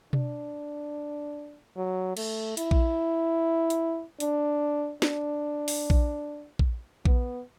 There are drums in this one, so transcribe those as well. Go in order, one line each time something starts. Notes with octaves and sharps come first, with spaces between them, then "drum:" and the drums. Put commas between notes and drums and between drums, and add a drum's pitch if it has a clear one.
D4, drum: tom B2
F#3
A3, drum: cymbal
E4, drum: hi-hat
drum: kick A#1
drum: hi-hat
D4, drum: hi-hat
D4, drum: snare
drum: open hi-hat
drum: kick A#1
drum: kick A#1
B3, drum: kick A#1